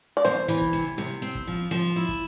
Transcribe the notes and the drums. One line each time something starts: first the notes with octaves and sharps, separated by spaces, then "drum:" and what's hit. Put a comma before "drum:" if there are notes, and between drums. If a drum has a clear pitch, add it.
D5
E2 C5, drum: snare C4
E3
drum: kick
C3
C3, drum: snare C4
C4
drum: kick
F3
F3, drum: snare C4
E4
drum: kick